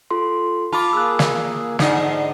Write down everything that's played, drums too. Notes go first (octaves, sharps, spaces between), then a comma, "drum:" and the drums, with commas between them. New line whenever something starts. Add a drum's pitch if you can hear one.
F4 A4 C6
F4 A5 B5 D6
A#3 G#4 E6 F#6
drum: snare
G#2 D3 D#5, drum: snare